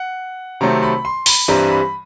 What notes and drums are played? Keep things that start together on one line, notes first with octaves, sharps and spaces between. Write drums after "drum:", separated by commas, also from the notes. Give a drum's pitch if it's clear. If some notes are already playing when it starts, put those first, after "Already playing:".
Already playing: F#5
C3 D#3 F#3 A3 C4 A#5
B5
C6
B5, drum: open hi-hat
G2 E3 G3 C4 A#5
B5